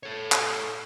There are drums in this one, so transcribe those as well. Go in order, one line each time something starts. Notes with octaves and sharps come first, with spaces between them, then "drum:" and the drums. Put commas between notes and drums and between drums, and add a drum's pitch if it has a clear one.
A4 C#5
drum: clap